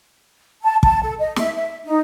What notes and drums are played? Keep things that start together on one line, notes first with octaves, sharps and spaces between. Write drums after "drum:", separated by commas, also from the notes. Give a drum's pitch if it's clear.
A5
A5, drum: kick
A4
D#5
E5, drum: snare
E5
D#4